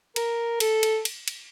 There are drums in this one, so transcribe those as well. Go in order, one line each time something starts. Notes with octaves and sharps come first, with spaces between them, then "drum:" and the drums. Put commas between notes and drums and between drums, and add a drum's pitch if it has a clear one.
A#4, drum: cymbal
A4, drum: cymbal
drum: cymbal
drum: cymbal
drum: cymbal